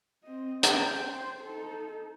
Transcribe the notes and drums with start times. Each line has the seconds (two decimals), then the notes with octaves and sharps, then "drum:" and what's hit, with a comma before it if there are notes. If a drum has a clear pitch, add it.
0.23 C4 D#5
0.63 G#4 G5, drum: hi-hat
1.01 C5
1.44 D#4 A4